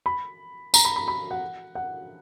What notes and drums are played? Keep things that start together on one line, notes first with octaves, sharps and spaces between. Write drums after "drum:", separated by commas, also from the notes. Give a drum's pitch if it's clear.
B5
A#5, drum: tambourine
B5
B5
B5
F#5
F#5